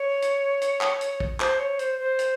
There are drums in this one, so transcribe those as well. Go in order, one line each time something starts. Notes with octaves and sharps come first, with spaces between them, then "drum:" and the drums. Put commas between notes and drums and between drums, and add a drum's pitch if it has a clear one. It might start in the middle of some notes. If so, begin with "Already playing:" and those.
Already playing: C#5
drum: hi-hat
drum: hi-hat
drum: clap
drum: hi-hat
drum: kick
C5, drum: clap
C#5
C5, drum: hi-hat
C5
drum: hi-hat